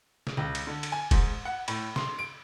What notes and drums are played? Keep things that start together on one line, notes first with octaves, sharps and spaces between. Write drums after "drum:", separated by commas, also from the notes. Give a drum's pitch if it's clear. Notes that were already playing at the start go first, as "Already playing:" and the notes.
drum: snare
C#2
drum: cymbal
D3
drum: cymbal
G#5
G#2, drum: kick, cymbal
F#5
A2, drum: cymbal
C6, drum: snare
D7